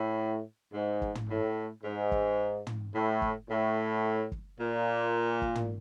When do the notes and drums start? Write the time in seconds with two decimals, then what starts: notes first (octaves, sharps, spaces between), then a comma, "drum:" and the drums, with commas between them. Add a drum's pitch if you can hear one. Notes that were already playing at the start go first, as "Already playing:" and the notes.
Already playing: A2
0.73 G#2
1.02 drum: kick
1.15 drum: tom
1.29 A2
1.84 G#2
2.12 drum: kick
2.67 drum: tom
2.94 A2
3.22 drum: kick
3.49 A2
4.32 drum: kick
4.59 A#2
5.42 drum: kick
5.55 drum: tom